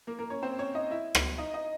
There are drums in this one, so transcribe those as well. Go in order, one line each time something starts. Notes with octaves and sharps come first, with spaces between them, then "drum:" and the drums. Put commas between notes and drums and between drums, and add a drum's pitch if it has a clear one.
A#3 A#4
A#3 A#4
C#4 C#5
C4 C5
C#4 C#5
D#4 D#5
E4 E5
drum: rim click
D#4 D#5
D#4 D#5